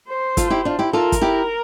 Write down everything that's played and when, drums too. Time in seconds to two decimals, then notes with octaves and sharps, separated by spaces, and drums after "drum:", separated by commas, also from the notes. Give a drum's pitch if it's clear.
0.09 C5
0.37 F4 A4, drum: kick, hi-hat
0.50 E4 G4
0.65 D4 F4
0.79 E4 G4
0.93 F4 A4 A#4
1.12 drum: kick, hi-hat
1.21 E4 G4